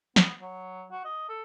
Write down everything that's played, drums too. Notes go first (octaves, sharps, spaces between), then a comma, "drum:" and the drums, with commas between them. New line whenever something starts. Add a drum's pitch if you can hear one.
B3, drum: snare
F#3
F#4
D#5
A4